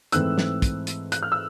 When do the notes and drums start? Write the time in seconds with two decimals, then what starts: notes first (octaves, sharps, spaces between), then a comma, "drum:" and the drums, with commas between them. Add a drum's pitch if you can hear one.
0.12 G#2 E3 A3 C4 E6 F#6, drum: hi-hat
0.38 drum: snare
0.62 drum: kick, hi-hat
0.87 drum: hi-hat
1.12 F#6, drum: hi-hat
1.23 F6
1.32 E6